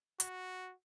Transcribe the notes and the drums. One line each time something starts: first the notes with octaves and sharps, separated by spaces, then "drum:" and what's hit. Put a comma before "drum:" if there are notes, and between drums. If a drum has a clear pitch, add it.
F#4, drum: hi-hat